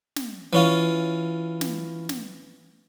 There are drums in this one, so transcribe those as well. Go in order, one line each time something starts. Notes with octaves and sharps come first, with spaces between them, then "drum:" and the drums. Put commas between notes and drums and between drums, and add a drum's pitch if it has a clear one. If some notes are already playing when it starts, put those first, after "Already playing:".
drum: snare
E3 C#4 F4
drum: snare
drum: snare